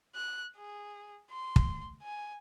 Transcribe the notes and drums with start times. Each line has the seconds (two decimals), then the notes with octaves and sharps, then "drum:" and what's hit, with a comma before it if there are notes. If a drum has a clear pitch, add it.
0.15 F#6
0.57 G#4
1.31 C6
1.56 drum: kick
2.03 G#5